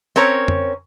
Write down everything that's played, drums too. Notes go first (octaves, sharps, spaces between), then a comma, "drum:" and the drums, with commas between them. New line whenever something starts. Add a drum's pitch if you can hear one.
C4 C#4 A#4 C#5 A#5
drum: tom F2